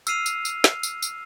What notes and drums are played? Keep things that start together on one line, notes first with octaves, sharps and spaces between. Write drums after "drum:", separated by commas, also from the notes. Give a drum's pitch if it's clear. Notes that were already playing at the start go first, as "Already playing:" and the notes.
E6 F6 C7 D#7 F7, drum: tambourine
drum: tambourine
drum: tambourine
drum: snare
drum: tambourine
drum: tambourine